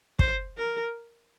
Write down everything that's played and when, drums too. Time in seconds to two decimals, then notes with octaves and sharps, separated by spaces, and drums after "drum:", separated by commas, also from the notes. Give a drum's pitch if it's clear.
0.19 C5, drum: kick
0.58 A#4